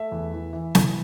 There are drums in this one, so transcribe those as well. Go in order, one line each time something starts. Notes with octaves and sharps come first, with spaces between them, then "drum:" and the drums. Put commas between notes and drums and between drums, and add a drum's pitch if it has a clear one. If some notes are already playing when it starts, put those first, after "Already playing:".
Already playing: A3 E5
E2
E3
E3
E3, drum: snare